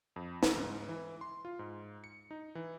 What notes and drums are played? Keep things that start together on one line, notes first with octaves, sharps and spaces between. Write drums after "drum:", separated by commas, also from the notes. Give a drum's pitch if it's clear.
F2
A4, drum: snare
G#2
E3
C6
F4
G#2
C#7
D#4
E3